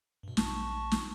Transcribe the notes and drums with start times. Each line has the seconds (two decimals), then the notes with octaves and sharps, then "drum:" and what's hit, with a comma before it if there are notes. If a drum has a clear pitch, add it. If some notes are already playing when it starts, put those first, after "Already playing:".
0.23 G2 B2
0.37 A#1 A5 C#6, drum: snare
0.92 drum: snare